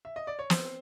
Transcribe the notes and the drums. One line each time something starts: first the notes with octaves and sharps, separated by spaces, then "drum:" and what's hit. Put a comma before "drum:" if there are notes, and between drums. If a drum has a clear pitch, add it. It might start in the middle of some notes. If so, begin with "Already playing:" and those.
E5
D#5
D5
C#5
C4 C5, drum: snare